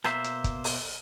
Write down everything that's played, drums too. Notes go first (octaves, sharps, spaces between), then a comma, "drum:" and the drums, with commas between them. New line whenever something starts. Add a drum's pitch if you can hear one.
B2 A#3 C5 E5, drum: rim click
drum: hi-hat
drum: kick, hi-hat
drum: open hi-hat